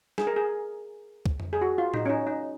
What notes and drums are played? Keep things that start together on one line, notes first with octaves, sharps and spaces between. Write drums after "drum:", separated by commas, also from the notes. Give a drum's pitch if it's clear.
G#4, drum: snare
A#4
G#4
drum: kick C#2
drum: tom F2
G#4
F#4
F4
D#4, drum: tom A2
C#4
D#4
D#4